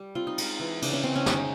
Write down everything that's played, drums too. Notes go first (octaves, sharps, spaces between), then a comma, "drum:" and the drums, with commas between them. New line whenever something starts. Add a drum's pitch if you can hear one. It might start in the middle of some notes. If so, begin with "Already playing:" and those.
Already playing: G3
C4 F4
D#4
G#3, drum: cymbal
E3
C#3 D4, drum: cymbal
C#4
C#3 C4
C#4
G#3 D#4, drum: snare